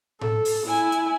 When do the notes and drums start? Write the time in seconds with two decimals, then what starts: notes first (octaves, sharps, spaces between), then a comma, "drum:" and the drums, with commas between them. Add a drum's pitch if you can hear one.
0.21 A4, drum: tom A2
0.45 drum: open hi-hat
0.67 E4 G#5
0.92 drum: hi-hat